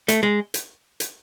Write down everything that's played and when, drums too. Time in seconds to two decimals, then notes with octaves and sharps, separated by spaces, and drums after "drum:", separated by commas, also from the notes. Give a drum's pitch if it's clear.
0.08 A3, drum: hi-hat
0.23 G#3
0.54 drum: hi-hat
1.00 drum: hi-hat